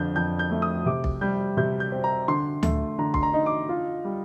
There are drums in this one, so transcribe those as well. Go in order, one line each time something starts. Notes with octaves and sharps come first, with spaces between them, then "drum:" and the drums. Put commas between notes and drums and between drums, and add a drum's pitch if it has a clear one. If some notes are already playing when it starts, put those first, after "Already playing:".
Already playing: F2 D3 G6
F2 G6
G6
A3
D#6
C3 D6
drum: kick B1
G3 G6
C3 G6
G6
C4
A#5
D3 C6
A3, drum: tom D2
D3 A#5
C6, drum: kick B1
A#5
D#4
D6
F4
G3